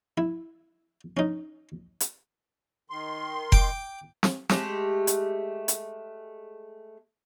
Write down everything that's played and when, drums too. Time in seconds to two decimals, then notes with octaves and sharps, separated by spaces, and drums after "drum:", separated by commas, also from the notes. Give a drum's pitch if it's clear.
0.18 E4
1.17 C#4 D#4
2.00 drum: hi-hat
2.90 D#3 C6
3.52 G5 D6, drum: kick F1
4.23 drum: snare
4.50 G#3 A3 D4 G4, drum: snare
5.07 drum: hi-hat
5.68 drum: hi-hat